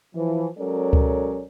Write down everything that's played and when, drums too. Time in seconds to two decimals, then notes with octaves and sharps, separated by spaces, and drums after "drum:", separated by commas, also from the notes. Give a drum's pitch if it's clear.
0.15 E3 F3
0.58 F#3 G#3 C#4 A4 A#4 D5
0.93 drum: kick C#2